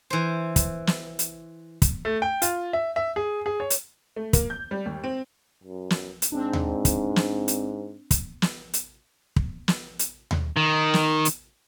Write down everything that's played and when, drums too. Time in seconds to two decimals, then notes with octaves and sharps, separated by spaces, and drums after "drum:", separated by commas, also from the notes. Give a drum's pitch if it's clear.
0.10 E3 C5
0.56 drum: kick, hi-hat
0.87 drum: snare
1.19 drum: hi-hat
1.82 drum: kick, hi-hat
2.05 A3
2.22 G5
2.42 F4, drum: hi-hat
2.73 E5
2.96 E5
3.16 G#4
3.46 G#4
3.60 C#5
3.70 drum: hi-hat
4.16 A3
4.33 A#3, drum: kick, hi-hat
4.50 G6
4.71 G3
4.86 D#2
5.04 C4
5.64 F#2
5.90 drum: snare
6.22 drum: hi-hat
6.32 G#2 C4 D4
6.53 drum: tom D#2
6.85 drum: kick, hi-hat
7.16 drum: snare
7.48 drum: hi-hat
8.11 drum: kick, hi-hat
8.42 drum: snare
8.73 drum: hi-hat
9.36 drum: kick
9.68 drum: snare
9.99 drum: hi-hat
10.31 drum: tom D#2
10.57 D#3
10.94 drum: snare
11.25 drum: hi-hat